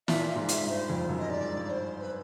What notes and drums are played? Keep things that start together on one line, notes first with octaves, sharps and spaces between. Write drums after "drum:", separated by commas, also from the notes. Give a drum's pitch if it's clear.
A#2 E5, drum: snare
F5
G#2
F5, drum: hi-hat
E5
G2
C5
F2
F#2
D#5
G#2 D5
G2
C5
B4